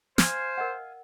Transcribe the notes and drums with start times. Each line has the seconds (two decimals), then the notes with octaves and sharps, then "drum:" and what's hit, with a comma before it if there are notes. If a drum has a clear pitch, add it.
0.18 C5 F5 G#5, drum: snare
0.58 A#4 D#5 F#5